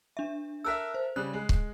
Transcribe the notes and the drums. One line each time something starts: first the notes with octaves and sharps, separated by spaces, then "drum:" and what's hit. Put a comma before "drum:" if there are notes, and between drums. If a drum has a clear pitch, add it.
D4 E5
A4 A#4 E5 E6 F#6
C5
C#3 G3 F#6
G#3
drum: kick C#1